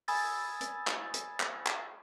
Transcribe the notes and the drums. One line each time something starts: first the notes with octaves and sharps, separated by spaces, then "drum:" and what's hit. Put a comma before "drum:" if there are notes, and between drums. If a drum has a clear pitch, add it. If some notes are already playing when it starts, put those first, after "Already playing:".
G#5 B5 D#6 E6 G#6 A6, drum: open hi-hat
drum: hi-hat
drum: clap
drum: hi-hat
drum: clap
drum: clap